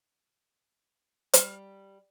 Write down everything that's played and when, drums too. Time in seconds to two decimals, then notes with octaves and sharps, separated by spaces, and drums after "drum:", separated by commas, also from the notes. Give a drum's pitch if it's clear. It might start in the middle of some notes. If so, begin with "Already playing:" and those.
1.34 G3, drum: hi-hat